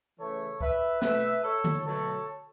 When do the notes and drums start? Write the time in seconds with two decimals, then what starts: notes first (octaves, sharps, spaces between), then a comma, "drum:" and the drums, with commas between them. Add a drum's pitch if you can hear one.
0.19 C#3 E3 A3 A4 C#5
0.61 B4 E5, drum: kick C#2
1.02 B2 A3 B4 E5, drum: snare
1.43 A4 C#5
1.64 drum: tom D3
1.85 B2 F#3 A3 A4 C#5